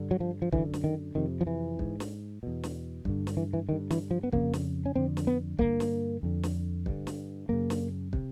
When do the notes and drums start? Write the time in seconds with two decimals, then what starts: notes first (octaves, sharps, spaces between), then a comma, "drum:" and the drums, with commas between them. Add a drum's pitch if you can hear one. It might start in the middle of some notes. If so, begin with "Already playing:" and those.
Already playing: G2 D3
0.11 F#3
0.20 F3
0.42 F3
0.52 F#2 D3 E3, drum: kick
0.74 drum: snare
0.84 D#3
1.15 F2 C3 D#3
1.41 F3
1.47 E3
1.79 G#2, drum: kick
2.00 drum: snare
2.43 E2 B2
2.63 drum: snare
3.05 G2 D3, drum: kick
3.27 drum: snare
3.37 E3
3.53 E3
3.69 G2 D3 D#3
3.91 E3, drum: snare
4.11 F3
4.23 B3
4.32 F2 C#3 A#3, drum: kick
4.53 drum: snare
4.86 C#4
4.95 F2 D3 C4
5.17 drum: snare
5.27 B3
5.59 G2 D3 A#3, drum: kick
5.80 drum: snare
6.23 F2 D3
6.43 drum: snare
6.86 G2 D3, drum: kick
7.07 drum: snare
7.49 F#2 C#3 A#3
7.70 drum: snare
8.13 C3, drum: kick